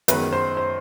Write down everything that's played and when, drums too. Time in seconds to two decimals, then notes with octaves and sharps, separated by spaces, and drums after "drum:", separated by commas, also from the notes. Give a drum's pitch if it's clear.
0.08 F#2 D#3 G#3 B3 B4, drum: hi-hat
0.33 C5
0.57 C5